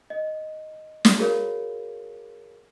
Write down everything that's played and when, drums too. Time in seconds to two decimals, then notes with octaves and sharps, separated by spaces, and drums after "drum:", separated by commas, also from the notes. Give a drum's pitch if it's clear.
0.10 D#5
1.05 drum: snare
1.18 F#4 G#4 A#4 C#5 F5